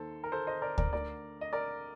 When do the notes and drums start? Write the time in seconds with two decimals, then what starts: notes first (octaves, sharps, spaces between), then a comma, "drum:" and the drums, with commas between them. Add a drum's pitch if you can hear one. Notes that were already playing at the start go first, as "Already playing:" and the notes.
Already playing: D#2 D#3 A4 C5
0.24 A#4
0.32 A4 C5
0.47 C5 D#5
0.62 A#4 D5
0.78 A#4 D5, drum: kick D2
0.93 D2 D3 A#4 D5
1.41 D#5
1.53 A#4 D5